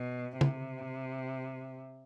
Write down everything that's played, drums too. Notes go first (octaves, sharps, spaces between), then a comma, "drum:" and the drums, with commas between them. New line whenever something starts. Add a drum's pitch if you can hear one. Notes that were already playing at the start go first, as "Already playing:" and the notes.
Already playing: B2
C3, drum: tom